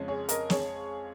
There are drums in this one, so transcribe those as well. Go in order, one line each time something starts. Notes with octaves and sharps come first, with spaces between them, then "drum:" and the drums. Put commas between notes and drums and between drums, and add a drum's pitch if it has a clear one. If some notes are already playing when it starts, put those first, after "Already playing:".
Already playing: F2 C#3 G#3 C#4
G#4 C#5
A#4 D#5, drum: hi-hat
G#4 C#5, drum: snare